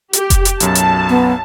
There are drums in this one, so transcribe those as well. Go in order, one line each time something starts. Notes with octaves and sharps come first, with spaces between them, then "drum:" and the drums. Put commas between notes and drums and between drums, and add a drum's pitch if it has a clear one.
G4, drum: hi-hat
drum: kick F1, hi-hat
drum: hi-hat
B1 F#2 A5, drum: hi-hat
drum: hi-hat
B3